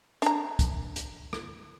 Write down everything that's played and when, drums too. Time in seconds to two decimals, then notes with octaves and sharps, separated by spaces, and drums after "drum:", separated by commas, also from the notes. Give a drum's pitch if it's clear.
0.22 D4 A#5, drum: hi-hat
0.59 drum: kick, hi-hat
0.96 drum: hi-hat
1.33 drum: rim click